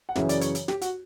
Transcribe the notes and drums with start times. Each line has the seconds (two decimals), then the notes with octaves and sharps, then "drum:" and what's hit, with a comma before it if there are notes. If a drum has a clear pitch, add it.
0.09 F#5
0.15 F#2 C#3 E3 E5, drum: snare
0.29 D5, drum: hi-hat
0.41 C#5, drum: hi-hat
0.55 drum: hi-hat
0.68 G4, drum: snare
0.81 F#4, drum: hi-hat